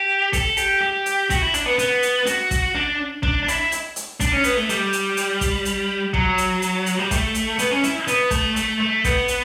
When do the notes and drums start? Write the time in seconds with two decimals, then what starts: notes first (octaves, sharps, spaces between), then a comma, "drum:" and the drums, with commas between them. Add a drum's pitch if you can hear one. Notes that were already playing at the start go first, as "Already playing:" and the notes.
Already playing: G4
0.33 A4, drum: kick, hi-hat
0.57 G4, drum: hi-hat
0.81 G4
1.06 drum: hi-hat
1.30 F#4, drum: kick, hi-hat
1.42 E4
1.54 D4, drum: hi-hat
1.66 B3
1.79 B3, drum: hi-hat
2.03 drum: hi-hat
2.26 F#4, drum: hi-hat
2.51 drum: kick, hi-hat
2.75 D4
3.23 D4, drum: kick
3.43 D4
3.48 E4, drum: hi-hat
3.72 drum: hi-hat
3.96 drum: hi-hat
4.20 D4, drum: kick, hi-hat
4.32 C#4
4.44 B3, drum: hi-hat
4.57 A3
4.69 G3, drum: hi-hat
4.93 drum: hi-hat
5.17 drum: hi-hat
5.41 drum: kick, hi-hat
5.65 drum: hi-hat
6.14 F#3, drum: kick
6.38 drum: hi-hat
6.62 drum: hi-hat
6.86 drum: hi-hat
6.99 G3
7.11 A3, drum: kick, hi-hat
7.35 drum: hi-hat
7.59 B3, drum: hi-hat
7.71 C#4
7.84 E4, drum: hi-hat
8.07 B3, drum: hi-hat
8.31 A3, drum: kick, hi-hat
8.56 A3, drum: hi-hat
8.80 A3
9.04 B3, drum: kick, hi-hat
9.28 drum: hi-hat